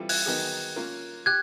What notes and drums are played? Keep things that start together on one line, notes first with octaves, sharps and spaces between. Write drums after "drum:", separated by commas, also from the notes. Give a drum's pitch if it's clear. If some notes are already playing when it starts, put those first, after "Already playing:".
Already playing: E3 G3 C4 F4 A4
F#6 G#6, drum: open hi-hat
D#3 F#3 B3 D#4 G#4
A#3 C#4 F4 A#4
G4 F#6 G#6